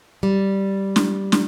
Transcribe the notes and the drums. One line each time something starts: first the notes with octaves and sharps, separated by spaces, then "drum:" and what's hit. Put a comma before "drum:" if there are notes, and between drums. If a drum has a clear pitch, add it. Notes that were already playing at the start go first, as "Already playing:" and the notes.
G3
drum: snare
drum: snare